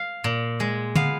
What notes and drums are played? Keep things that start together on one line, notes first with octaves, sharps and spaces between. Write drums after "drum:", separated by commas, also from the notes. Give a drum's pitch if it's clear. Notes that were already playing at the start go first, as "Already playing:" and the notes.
Already playing: F5
A#2
G#3
B3 F5, drum: tom D3